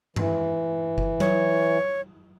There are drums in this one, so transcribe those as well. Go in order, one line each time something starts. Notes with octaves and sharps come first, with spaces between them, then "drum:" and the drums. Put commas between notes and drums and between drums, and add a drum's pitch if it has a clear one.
E3, drum: tom G2
drum: kick F#1
C#5, drum: tom F#3